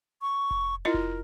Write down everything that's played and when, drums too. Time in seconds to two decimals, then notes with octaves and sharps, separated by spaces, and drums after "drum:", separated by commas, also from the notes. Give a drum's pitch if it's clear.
0.22 C#6
0.51 drum: kick F1
0.85 E4 F4 A#4 D#5
0.94 drum: kick F1